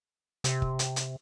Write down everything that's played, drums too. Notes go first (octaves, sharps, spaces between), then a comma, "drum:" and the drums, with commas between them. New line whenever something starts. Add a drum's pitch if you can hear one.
C3, drum: hi-hat
drum: kick
drum: hi-hat
drum: hi-hat